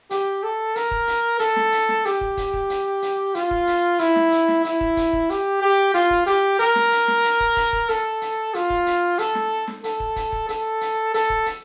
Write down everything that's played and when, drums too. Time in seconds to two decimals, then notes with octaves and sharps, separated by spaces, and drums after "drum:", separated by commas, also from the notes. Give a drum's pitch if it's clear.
0.10 G4, drum: hi-hat
0.43 A4
0.76 A#4, drum: hi-hat
0.91 drum: kick
1.07 drum: hi-hat
1.39 A4, drum: hi-hat
1.56 drum: snare
1.72 drum: hi-hat
1.89 drum: snare
2.05 G4, drum: hi-hat
2.21 drum: kick
2.37 drum: kick, hi-hat
2.54 drum: kick
2.70 drum: hi-hat
3.02 drum: hi-hat
3.35 F4, drum: hi-hat
3.51 drum: kick
3.67 drum: hi-hat
3.99 E4, drum: hi-hat
4.16 drum: snare
4.32 drum: hi-hat
4.48 drum: snare
4.65 E4, drum: hi-hat
4.81 drum: kick
4.97 drum: kick, hi-hat
5.13 drum: kick
5.30 G4, drum: hi-hat
5.62 G4
5.94 F4, drum: hi-hat
6.11 drum: kick
6.26 G4, drum: hi-hat
6.59 A#4, drum: hi-hat
6.75 drum: snare
6.92 drum: hi-hat
7.08 drum: snare
7.24 drum: hi-hat
7.40 drum: kick
7.57 drum: kick, hi-hat
7.73 drum: kick
7.89 A4, drum: hi-hat
8.21 drum: hi-hat
8.54 F4, drum: hi-hat
8.70 drum: kick
8.86 drum: hi-hat
9.18 A4, drum: hi-hat
9.35 drum: snare
9.68 drum: snare
9.84 A4, drum: hi-hat
10.00 drum: kick
10.16 drum: kick, hi-hat
10.32 drum: kick
10.49 A4, drum: hi-hat
10.81 drum: hi-hat
11.14 A4, drum: hi-hat
11.30 drum: kick
11.46 drum: hi-hat